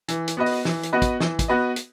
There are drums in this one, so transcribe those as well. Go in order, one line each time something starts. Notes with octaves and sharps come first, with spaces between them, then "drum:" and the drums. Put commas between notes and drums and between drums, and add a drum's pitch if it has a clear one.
E3, drum: hi-hat
drum: hi-hat
B3 F#4 B4 D#5
drum: open hi-hat
E3, drum: snare
drum: hi-hat
B3 F#4 B4 D#5
drum: kick, hi-hat
E3, drum: snare
drum: kick, hi-hat
B3 F#4 B4 D#5
drum: hi-hat